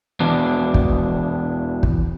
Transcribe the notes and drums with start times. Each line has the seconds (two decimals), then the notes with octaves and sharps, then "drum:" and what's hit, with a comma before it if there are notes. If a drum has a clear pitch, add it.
0.20 E2 B2 D4
0.74 drum: kick
1.83 drum: kick